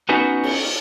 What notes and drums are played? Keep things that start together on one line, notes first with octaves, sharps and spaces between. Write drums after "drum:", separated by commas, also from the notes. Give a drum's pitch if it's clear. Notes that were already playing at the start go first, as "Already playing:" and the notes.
B3 C#4 D#4 F#4 B4
drum: cymbal